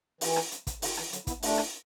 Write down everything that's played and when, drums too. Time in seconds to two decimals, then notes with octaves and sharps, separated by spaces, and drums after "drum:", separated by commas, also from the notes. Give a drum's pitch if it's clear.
0.21 E3, drum: open hi-hat
0.36 drum: rim click
0.51 drum: hi-hat
0.67 drum: kick, hi-hat
0.82 D3, drum: open hi-hat
0.97 E3, drum: rim click
1.13 D3 F#3, drum: hi-hat
1.27 B3 E4, drum: kick, hi-hat
1.42 A3 D4, drum: open hi-hat
1.58 drum: rim click